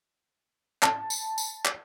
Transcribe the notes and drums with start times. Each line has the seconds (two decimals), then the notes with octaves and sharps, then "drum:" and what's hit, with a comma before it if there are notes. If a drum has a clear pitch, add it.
0.83 A5, drum: clap
1.10 drum: tambourine
1.38 drum: tambourine
1.65 drum: clap